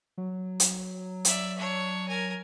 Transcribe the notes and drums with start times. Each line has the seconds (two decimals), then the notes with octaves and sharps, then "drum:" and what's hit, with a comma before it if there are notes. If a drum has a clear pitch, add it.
0.18 F#3
0.60 drum: hi-hat
1.25 D5 E5, drum: hi-hat
1.58 D4 C#5
2.08 A#4 G#5